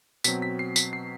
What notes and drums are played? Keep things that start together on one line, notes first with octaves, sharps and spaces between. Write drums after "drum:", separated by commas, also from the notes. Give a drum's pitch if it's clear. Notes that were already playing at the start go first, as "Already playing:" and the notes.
B2 F#3 C4 B6, drum: tambourine
B6
C7
B6, drum: tambourine
C7